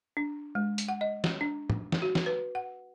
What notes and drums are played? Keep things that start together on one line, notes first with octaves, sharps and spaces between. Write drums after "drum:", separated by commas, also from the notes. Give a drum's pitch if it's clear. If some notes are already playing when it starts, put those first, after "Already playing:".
D4
G#3
drum: hi-hat
F#5
D#5
drum: snare
D4
drum: tom
drum: snare
F#4
drum: snare
B4
F#5